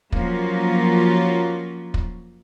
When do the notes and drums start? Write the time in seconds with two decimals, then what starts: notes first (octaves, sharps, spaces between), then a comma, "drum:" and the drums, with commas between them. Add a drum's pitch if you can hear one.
0.12 F3 F#3 A#3 C#4 F4 F#4, drum: kick
1.94 drum: kick